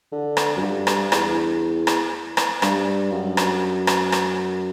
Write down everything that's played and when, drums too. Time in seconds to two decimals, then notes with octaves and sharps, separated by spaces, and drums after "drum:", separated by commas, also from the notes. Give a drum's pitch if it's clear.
0.12 D3
0.37 drum: rim click
0.56 F#2
0.61 G2
0.87 drum: rim click
1.12 E2, drum: rim click
1.87 drum: rim click
2.37 drum: rim click
2.62 G2, drum: rim click
3.12 F#2
3.37 drum: rim click
3.87 drum: rim click
4.12 drum: rim click